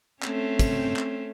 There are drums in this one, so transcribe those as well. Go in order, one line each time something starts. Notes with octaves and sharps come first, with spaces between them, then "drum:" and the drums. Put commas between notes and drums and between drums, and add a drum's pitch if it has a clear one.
A3 C4 C#4, drum: clap
drum: kick, hi-hat
drum: clap